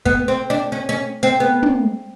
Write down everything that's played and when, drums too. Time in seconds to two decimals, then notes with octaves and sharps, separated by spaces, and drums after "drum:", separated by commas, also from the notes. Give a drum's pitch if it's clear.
0.06 B3, drum: kick
0.28 C4
0.50 D4
0.72 C#4
0.89 C#4
1.23 C4
1.40 B3
1.63 drum: tom